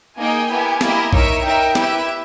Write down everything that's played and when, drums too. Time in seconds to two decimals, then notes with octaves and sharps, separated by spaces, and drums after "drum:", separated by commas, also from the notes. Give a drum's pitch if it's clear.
0.18 A#3 D#4 G#4 D#5 G5 G#5
0.50 B3 E4 G4 A#4
0.81 A#3 E4 G4 A#4 D#5, drum: snare
1.13 D#4 A#4 C#5 E5, drum: kick A#1
1.44 D#4 A#4 E5 G5
1.75 E4 G4 B4 E5, drum: snare